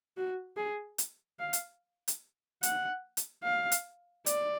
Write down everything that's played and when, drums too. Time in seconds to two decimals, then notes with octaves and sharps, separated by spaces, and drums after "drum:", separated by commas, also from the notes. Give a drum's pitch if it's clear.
0.17 F#4
0.57 G#4
0.98 drum: hi-hat
1.39 F5
1.53 drum: hi-hat
2.08 drum: hi-hat
2.63 F#5, drum: hi-hat
3.17 drum: hi-hat
3.44 F5
3.72 drum: hi-hat
4.26 D5, drum: hi-hat